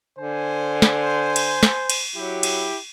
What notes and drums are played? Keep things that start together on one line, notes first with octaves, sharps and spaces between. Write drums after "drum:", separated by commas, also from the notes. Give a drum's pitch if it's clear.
D3 C5 G#5
drum: snare
drum: cymbal
drum: snare
drum: cymbal
F#3 E4 G4
drum: cymbal